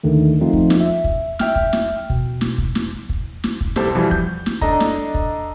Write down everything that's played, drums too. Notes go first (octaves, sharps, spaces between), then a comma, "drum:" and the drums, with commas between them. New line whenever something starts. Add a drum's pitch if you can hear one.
D#2 D3 D#3 A3
F3 A3 C4 D#4 F4
drum: kick
drum: snare
E5
drum: kick
E5 G5 F6, drum: snare
drum: kick
drum: snare
B2, drum: kick
drum: snare
drum: kick
drum: snare
drum: kick
drum: snare
drum: kick
C2 G4 A4 C5 A5, drum: snare
B2 E3 F3 G3
G6, drum: kick
drum: snare
D4 A4 D#5 A#5, drum: kick
drum: snare
drum: kick